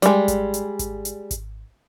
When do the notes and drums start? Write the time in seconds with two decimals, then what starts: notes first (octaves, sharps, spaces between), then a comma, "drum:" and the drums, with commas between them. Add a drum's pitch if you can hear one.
0.02 G3 G#3, drum: hi-hat
0.28 drum: kick G#1, hi-hat
0.54 drum: hi-hat
0.79 drum: kick G#1, hi-hat
1.05 drum: hi-hat
1.31 drum: kick G#1, hi-hat